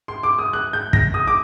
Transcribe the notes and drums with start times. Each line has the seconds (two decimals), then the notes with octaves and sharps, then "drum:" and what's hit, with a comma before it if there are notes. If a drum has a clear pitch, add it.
0.08 C6
0.23 D6
0.39 D#6
0.53 F#6
0.73 G6
0.93 A#6, drum: kick
1.14 D#6
1.27 D6